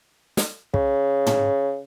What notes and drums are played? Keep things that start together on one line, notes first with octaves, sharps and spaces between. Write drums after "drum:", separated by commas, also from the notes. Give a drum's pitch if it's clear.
drum: snare
C#3, drum: kick
drum: tom